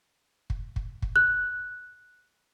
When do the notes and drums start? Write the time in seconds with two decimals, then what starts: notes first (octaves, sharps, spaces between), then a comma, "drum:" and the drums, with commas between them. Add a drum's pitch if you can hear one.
0.50 drum: kick
0.76 drum: kick
1.02 drum: kick
1.16 F#6